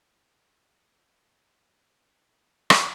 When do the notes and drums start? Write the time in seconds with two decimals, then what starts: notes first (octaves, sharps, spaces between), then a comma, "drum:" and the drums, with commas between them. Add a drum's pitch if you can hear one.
0.10 C#4 F4
2.70 drum: rim click